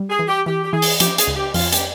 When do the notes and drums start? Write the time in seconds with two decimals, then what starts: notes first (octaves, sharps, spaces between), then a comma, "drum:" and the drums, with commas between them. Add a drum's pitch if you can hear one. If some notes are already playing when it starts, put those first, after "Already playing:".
Already playing: G3
0.10 G#4
0.19 E3
0.28 G4
0.46 E3 G4
0.64 G4
0.73 E3 G#4
0.82 drum: open hi-hat
1.00 F3 G4, drum: hi-hat
1.18 G#4, drum: hi-hat
1.27 C#2
1.36 G4
1.54 F2 F4, drum: open hi-hat
1.72 G4, drum: hi-hat